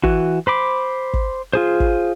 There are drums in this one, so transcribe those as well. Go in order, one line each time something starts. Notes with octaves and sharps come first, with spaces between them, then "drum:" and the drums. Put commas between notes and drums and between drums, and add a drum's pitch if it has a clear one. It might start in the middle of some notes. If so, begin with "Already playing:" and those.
E3 F#4, drum: kick
C5 B5 D6
drum: kick
F4 G#4 C5
drum: kick